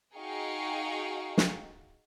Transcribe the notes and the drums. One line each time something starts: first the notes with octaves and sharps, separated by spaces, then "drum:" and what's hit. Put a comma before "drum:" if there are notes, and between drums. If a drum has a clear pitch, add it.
D#4 F#4 G#4 F5 G5 C#6
drum: snare